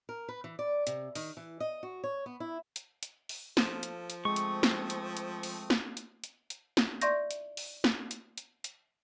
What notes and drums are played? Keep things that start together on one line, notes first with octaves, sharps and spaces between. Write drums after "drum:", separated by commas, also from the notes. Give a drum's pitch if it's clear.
A#4
B4
E3
D5
C3, drum: hi-hat
D#3, drum: open hi-hat
E3
D#5
F#4
C#5
B3
E4
drum: hi-hat
drum: hi-hat
drum: open hi-hat
F3 F4 A4, drum: snare
drum: hi-hat
drum: hi-hat
G#3 A3 C4 C#6 D#6
drum: hi-hat
drum: snare
drum: hi-hat
drum: hi-hat
drum: open hi-hat
drum: snare
drum: hi-hat
drum: hi-hat
drum: hi-hat
drum: snare
D5 E5 C6 C#6 G6 A#6, drum: hi-hat
drum: hi-hat
drum: open hi-hat
drum: snare
drum: hi-hat
drum: hi-hat
drum: hi-hat